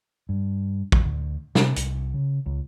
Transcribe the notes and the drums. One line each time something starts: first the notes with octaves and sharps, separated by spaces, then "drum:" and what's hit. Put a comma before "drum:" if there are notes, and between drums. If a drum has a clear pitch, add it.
G2
E1, drum: kick
D2
C3, drum: snare
C2, drum: hi-hat
C#3
C#2